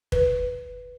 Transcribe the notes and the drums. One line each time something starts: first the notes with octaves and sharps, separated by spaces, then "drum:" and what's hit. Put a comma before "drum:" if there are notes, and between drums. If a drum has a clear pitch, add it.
B4, drum: kick